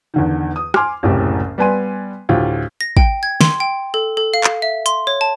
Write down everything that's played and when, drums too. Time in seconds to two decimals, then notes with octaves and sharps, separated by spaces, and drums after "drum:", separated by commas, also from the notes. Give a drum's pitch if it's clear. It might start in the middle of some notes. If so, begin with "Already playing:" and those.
0.14 E2 D3 D#3
0.56 D#6
0.74 G#5 C6 D6 F6, drum: rim click
1.03 F#1 C2 A2 G4
1.58 G3 B3 B4 G#5 C6 D#7
2.29 D2 A2 F4 G4
2.81 A#6
2.97 G5, drum: kick
3.23 G#6
3.41 C6, drum: snare
3.60 G5
3.94 A4
4.17 A4
4.34 F5
4.44 drum: clap
4.62 E5
4.86 C6, drum: hi-hat
5.07 C#5
5.21 A5